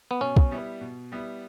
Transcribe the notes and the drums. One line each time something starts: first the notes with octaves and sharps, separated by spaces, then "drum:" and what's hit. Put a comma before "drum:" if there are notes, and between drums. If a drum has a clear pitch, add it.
B3
B2 C#4
drum: kick
G3 B3 E4
B2
G3 B3 E4